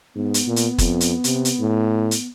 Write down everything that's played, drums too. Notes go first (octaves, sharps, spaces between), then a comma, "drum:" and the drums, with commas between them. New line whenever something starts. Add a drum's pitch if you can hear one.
G#2 B3
drum: hi-hat
A#2
drum: hi-hat
F2, drum: kick, hi-hat
drum: hi-hat
C3, drum: hi-hat
drum: hi-hat
A2
drum: hi-hat